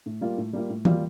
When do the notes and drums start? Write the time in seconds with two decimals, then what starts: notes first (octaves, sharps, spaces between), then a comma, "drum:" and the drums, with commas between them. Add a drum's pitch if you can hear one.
0.06 A2
0.21 G3 A#3 F4
0.38 A2
0.53 G3 A#3 F4
0.70 A2
0.85 G3 A#3 F4, drum: tom E3